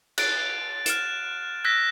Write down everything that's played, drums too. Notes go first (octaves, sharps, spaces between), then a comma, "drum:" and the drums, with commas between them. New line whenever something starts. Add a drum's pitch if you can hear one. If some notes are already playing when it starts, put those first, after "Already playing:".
F#6 A6 D7, drum: cymbal
F6 D7 E7, drum: hi-hat
E6 F#6 G#6 A#6 B6